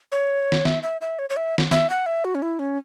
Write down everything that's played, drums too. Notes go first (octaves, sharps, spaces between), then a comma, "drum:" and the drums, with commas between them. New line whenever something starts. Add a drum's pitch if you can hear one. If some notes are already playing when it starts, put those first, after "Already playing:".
C#5
drum: snare
E5, drum: snare
E5
E5
C#5
C#5
E5
drum: snare
E5, drum: snare
F#5
E5
F#4
C#4
E4
C#4